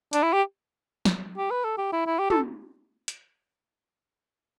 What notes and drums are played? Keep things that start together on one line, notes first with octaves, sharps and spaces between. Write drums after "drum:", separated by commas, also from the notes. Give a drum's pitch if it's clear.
D4, drum: hi-hat
E4
G4
drum: snare
G4
B4
A4
G4
E4
E4
G4
A4, drum: tom
drum: hi-hat